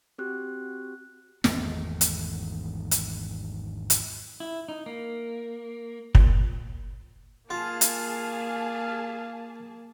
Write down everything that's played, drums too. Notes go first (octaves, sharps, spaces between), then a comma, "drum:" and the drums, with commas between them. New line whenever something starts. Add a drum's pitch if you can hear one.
C4 F#4 G4 F#6
G#1 E2 G#2 A3, drum: snare
drum: hi-hat
drum: hi-hat
drum: hi-hat
E4
D#4
A#3
A#2, drum: kick
A#3 F4 G#4 F5 A5
drum: hi-hat